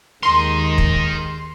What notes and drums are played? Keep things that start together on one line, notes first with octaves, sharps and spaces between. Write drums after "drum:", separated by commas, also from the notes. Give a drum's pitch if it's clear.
D#2 D#3 G#3 D#4 A#4 C6
drum: kick